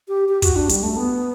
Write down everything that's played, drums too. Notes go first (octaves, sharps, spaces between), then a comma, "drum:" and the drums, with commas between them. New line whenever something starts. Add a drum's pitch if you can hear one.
G4
G4
F#4, drum: kick, hi-hat
D4
G3, drum: hi-hat
A3
B3